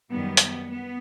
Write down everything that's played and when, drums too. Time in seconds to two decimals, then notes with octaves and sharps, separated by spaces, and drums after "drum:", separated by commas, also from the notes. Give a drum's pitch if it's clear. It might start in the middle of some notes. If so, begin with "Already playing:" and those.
0.11 F#2 D#3 G3 B3
0.37 drum: hi-hat
0.70 B3